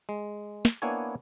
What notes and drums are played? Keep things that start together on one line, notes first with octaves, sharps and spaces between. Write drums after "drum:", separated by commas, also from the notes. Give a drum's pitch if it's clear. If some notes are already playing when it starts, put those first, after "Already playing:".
G#3
drum: snare
A#3 B3 D4 E4 C#5 G#5